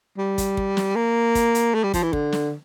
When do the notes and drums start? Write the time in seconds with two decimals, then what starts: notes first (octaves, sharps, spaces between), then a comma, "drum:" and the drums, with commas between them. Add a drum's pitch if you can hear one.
0.18 G3
0.38 drum: kick, hi-hat
0.57 drum: kick
0.77 drum: snare
0.96 A#3
1.35 drum: kick, hi-hat
1.55 drum: hi-hat
1.74 A3
1.84 G3
1.94 F3, drum: kick, hi-hat
2.03 E3
2.13 D3, drum: kick
2.32 drum: snare